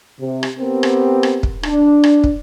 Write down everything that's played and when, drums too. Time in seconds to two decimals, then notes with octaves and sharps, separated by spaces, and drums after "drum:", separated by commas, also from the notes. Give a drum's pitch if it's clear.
0.20 C3
0.43 drum: rim click
0.59 B3 C4 G4 A#4
0.83 drum: rim click
1.23 drum: rim click
1.43 drum: kick
1.63 D4, drum: rim click
2.04 drum: rim click
2.24 drum: kick